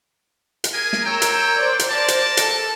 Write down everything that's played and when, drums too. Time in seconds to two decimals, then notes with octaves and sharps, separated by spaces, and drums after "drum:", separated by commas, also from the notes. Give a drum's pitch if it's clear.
0.64 drum: hi-hat
0.73 G#4 A#4 G#5
0.93 drum: snare
1.05 A#4 C#5 G5 A#5 E6
1.22 drum: hi-hat
1.56 C5 D5
1.79 drum: hi-hat
1.91 A#4 C5 D5 A5
2.08 drum: hi-hat
2.37 A4, drum: hi-hat